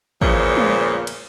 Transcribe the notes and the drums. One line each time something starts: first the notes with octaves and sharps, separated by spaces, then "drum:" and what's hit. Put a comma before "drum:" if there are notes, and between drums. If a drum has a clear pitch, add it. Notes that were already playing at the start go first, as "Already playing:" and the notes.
E2 A#2 C#3 F3, drum: kick
drum: tom
drum: cymbal